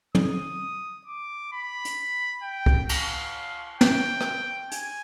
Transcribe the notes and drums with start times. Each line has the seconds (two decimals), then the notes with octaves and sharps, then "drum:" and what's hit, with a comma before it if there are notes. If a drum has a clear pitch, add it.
0.15 D#6, drum: tom
1.07 D6
1.52 B5
1.85 drum: hi-hat
2.43 G5
2.66 drum: kick C2
2.89 F5, drum: cymbal
3.81 G5, drum: snare
4.21 drum: rim click
4.72 G#5, drum: hi-hat